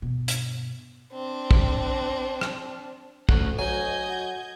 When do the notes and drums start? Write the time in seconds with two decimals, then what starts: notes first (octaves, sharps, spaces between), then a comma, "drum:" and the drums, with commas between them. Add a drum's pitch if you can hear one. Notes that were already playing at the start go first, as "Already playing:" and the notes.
0.02 G2 B2
0.28 drum: hi-hat
1.13 C4 D4
1.51 drum: kick
2.41 drum: rim click
3.29 D2 A3 C#4 F#5, drum: kick
3.59 F#3 D#5 G#5 G6 G#6
4.09 F#4